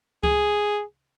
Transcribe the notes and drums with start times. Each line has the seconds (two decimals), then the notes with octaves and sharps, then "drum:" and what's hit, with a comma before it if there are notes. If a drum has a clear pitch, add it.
0.23 G#4, drum: kick C#2